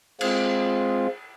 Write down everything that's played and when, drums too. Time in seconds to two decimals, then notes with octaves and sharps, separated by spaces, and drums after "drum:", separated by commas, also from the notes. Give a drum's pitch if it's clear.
0.21 G#3 C4 F4, drum: cymbal